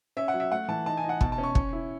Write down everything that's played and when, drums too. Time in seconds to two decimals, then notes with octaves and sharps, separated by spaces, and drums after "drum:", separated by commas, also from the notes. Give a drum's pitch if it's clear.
0.17 C#4 E5
0.28 F#5
0.34 F#3
0.40 E5
0.51 A3 F#5
0.68 E3 A5
0.86 D#4 A5
0.97 G#5
1.03 D#4
1.09 F#5
1.21 B2 A5, drum: kick
1.32 A5
1.38 C#4
1.44 C#6
1.55 C#4, drum: kick
1.73 E4